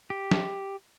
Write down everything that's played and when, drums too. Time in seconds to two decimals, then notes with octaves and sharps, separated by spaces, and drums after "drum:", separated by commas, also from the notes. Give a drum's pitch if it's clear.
0.10 G4
0.31 drum: snare